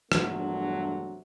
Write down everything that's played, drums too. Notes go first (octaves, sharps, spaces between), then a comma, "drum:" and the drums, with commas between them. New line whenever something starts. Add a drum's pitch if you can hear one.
A#1 E2 G2 C3 F#3 A3, drum: rim click